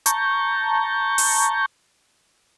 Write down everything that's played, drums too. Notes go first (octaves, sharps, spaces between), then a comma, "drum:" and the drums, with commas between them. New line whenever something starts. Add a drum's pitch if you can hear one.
A5 A#5 C#6 G6, drum: hi-hat
drum: open hi-hat